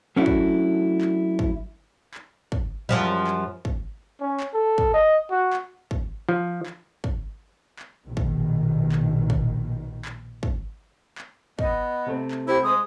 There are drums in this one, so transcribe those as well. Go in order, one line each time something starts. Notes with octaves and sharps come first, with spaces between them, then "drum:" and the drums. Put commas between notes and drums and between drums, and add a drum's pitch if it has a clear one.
F#3 A3 C#4 D4 E4 F#4
drum: kick
drum: clap
drum: kick
drum: clap
drum: kick
F#2 F3 G3
drum: clap
drum: kick
C#4
drum: clap
A4
drum: kick
D#5
F#4
drum: clap
drum: kick
F3
drum: clap
drum: kick
drum: clap
A#1 B2 D#3
drum: kick
drum: clap
drum: kick
drum: clap
drum: kick
drum: clap
B3 D#5, drum: kick
C3 A3 C4
drum: clap
E4 G4 C5
G#3 D#6